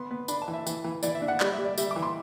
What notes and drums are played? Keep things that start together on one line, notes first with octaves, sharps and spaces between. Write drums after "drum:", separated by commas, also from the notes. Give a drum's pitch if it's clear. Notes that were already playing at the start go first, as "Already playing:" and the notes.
Already playing: B3 C6
B3
D4 B5, drum: tambourine
A5
E3
E5
E3, drum: tambourine
E3
E3 D5, drum: tambourine
E5
D4
F#5
G3 D5, drum: clap
E5
G3
D5
G3 E5, drum: tambourine
D6
E3
C6